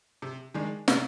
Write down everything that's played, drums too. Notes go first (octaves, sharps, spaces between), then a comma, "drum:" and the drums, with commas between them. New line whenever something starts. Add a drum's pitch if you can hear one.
C3
D#3 G#3 D4 G#4
C3, drum: snare